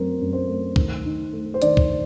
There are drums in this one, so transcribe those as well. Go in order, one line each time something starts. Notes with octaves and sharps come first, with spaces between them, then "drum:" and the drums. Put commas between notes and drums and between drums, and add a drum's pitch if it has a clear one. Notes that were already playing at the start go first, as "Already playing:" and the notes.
Already playing: F#2 F#3 A3 C4 A#4 C5
F#2
C5
A3
D#3, drum: kick
D#4
A3
C5
D#3 D5, drum: hi-hat
drum: kick